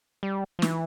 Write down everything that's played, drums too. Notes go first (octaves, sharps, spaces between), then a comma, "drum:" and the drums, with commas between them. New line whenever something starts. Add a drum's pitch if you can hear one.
G3
F3
E3, drum: snare